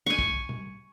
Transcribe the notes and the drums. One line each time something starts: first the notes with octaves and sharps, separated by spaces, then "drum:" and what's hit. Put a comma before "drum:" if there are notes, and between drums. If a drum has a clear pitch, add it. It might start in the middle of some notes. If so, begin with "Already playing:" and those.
G#5 C#6
drum: kick
drum: tom B2